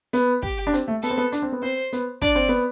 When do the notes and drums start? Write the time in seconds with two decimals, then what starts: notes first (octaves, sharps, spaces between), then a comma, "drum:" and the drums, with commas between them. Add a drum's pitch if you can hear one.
0.13 B3, drum: hi-hat
0.43 G4, drum: kick
0.67 D4
0.73 C4, drum: hi-hat
0.88 A3
1.02 B3 A4, drum: hi-hat
1.10 C4
1.18 B3
1.32 D4, drum: hi-hat
1.42 C4
1.52 B3
1.62 C4 C5
1.93 B3, drum: hi-hat
2.22 D4 D5, drum: kick, hi-hat
2.35 C4
2.49 B3